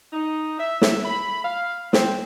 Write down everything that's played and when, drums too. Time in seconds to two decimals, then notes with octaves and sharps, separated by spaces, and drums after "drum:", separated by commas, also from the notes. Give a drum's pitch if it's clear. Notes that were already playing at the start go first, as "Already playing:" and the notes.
0.13 D#4
0.59 E5
0.82 drum: snare
1.05 B5
1.45 F5
1.93 C4, drum: snare